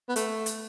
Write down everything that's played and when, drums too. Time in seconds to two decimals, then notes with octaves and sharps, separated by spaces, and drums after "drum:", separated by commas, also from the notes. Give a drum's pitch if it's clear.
0.09 B3
0.16 A3, drum: hi-hat
0.46 drum: hi-hat